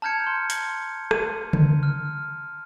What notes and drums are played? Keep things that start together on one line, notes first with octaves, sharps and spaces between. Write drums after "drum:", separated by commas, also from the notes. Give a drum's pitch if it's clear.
A5 A#5 F6 G6 G#6 C#7
A5 C6
drum: hi-hat
D#7, drum: rim click
drum: tom C#3
F6